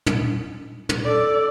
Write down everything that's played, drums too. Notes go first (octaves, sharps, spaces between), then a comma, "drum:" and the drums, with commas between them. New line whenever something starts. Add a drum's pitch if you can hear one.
drum: tom
drum: tom
A4 D5